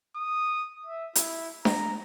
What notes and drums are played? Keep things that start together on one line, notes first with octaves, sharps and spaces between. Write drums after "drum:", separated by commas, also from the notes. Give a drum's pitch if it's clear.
D#6
E5
E4, drum: hi-hat
A#5, drum: snare D4